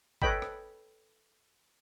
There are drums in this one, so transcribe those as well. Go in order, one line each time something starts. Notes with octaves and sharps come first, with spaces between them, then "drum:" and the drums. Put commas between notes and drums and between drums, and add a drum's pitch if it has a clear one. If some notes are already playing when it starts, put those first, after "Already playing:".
A4 B4 C#5 D#5 G5 B5, drum: kick G1
drum: rim click